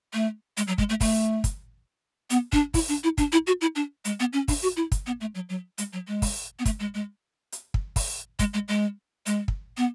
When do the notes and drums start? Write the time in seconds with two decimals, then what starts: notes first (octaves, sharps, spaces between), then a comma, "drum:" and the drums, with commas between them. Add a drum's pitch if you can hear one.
0.14 A3
0.57 G#3, drum: hi-hat
0.68 F#3
0.78 G#3, drum: kick
0.90 A3
1.01 A3, drum: kick, open hi-hat
1.44 drum: kick, hi-hat
2.30 B3, drum: hi-hat
2.53 D4, drum: kick
2.74 E4, drum: kick, open hi-hat
2.89 D4
3.04 E4
3.18 D4, drum: kick, hi-hat
3.32 E4
3.47 F#4
3.61 E4
3.76 D4
4.05 G#3, drum: hi-hat
4.20 B3
4.33 C#4
4.48 D4, drum: kick, open hi-hat
4.63 F#4
4.77 E4
4.92 drum: kick, hi-hat
5.06 B3
5.21 A3
5.35 F#3
5.49 F#3
5.78 G#3, drum: hi-hat
5.93 F#3
6.08 G#3
6.22 drum: kick, open hi-hat
6.59 B3
6.66 A3, drum: kick, hi-hat
6.80 G#3
6.95 G#3
7.52 drum: hi-hat
7.74 drum: kick
7.96 drum: kick, open hi-hat
8.39 G#3, drum: kick, hi-hat
8.54 G#3
8.68 G#3
9.26 G#3, drum: hi-hat
9.48 drum: kick
9.77 B3